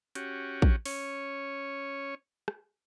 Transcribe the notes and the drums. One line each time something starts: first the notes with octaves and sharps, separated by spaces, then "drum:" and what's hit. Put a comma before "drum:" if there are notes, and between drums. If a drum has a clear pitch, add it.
C#4 F#4 G4, drum: hi-hat
drum: kick
C#4 C#5, drum: open hi-hat
drum: rim click